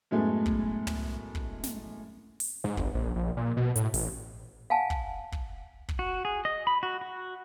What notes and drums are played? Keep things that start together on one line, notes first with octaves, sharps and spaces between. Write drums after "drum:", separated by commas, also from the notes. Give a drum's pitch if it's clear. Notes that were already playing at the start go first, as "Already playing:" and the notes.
F#2 A2 G#3 A3 B3
drum: kick
drum: tom
drum: kick
drum: snare
drum: open hi-hat
G#2
G1, drum: kick
A#1
A#1
A#2
B2
A2, drum: hi-hat
A1, drum: open hi-hat
F5 F#5 G#5 A5
drum: kick
drum: kick
drum: kick
F#4
G#4
D#5
B5
F#4
F#4